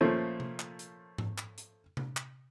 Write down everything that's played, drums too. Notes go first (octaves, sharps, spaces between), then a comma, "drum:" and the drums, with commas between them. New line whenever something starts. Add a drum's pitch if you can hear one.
A#2 F3 A3 C#4
drum: tom C3
drum: clap
drum: hi-hat
drum: tom G#2
drum: clap
drum: hi-hat
drum: tom C3
drum: clap